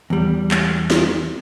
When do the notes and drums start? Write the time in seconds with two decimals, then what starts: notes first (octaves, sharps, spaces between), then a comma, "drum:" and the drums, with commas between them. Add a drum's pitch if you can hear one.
0.10 E2 G3
0.51 drum: clap
0.90 drum: snare